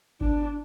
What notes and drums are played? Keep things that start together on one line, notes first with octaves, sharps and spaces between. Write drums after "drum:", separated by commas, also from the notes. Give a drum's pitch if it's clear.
D4, drum: kick G1